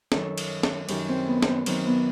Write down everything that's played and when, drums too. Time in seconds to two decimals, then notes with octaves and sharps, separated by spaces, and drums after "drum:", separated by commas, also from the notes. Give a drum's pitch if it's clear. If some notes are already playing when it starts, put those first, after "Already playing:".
0.12 F#2 D#3 F#3 A4, drum: snare
0.38 drum: cymbal
0.63 drum: snare
0.89 F#2 D#3 F#3 G4, drum: cymbal
1.09 C4
1.28 B3
1.43 B3 C4, drum: snare
1.66 F#2 D#3 F#3 C4, drum: cymbal
1.86 B3